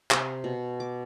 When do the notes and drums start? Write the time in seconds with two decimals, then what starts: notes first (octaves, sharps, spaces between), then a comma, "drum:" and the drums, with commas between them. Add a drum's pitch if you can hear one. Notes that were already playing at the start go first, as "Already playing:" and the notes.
0.11 C3, drum: clap
0.44 B2
0.80 D6